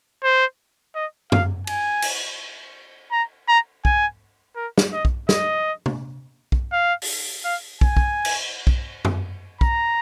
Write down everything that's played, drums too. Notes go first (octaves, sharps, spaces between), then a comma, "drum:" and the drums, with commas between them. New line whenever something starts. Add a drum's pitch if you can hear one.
C5
D#5
F5, drum: tom F#2
G#5, drum: cymbal
drum: cymbal
A#5
A#5
G#5, drum: kick
A#4
drum: snare
D#5
drum: kick
D#5, drum: snare
drum: tom C3
drum: kick
F5
drum: open hi-hat
F5
G#5, drum: kick
drum: kick
drum: cymbal
drum: kick
drum: tom F#2
A#5, drum: kick